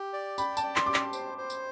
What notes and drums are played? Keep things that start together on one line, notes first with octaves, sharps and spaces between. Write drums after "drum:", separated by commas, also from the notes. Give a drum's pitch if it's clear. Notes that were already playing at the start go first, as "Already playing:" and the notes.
Already playing: G4
D5
G5 B5, drum: tambourine
A5, drum: tambourine
D5
C6, drum: clap
G4 D6
C6, drum: clap
C5, drum: tambourine
C5
drum: tambourine